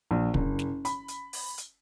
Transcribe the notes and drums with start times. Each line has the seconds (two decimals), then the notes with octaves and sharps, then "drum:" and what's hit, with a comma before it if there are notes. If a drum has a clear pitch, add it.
0.11 A#1
0.34 F#1, drum: kick
0.59 drum: snare
0.85 B5, drum: hi-hat
1.08 drum: hi-hat
1.33 drum: open hi-hat
1.58 drum: hi-hat